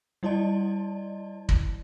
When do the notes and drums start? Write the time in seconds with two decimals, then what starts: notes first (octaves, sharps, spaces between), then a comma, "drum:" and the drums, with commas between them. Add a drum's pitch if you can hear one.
0.23 G3 E4 D5 D#5 A5
1.49 drum: kick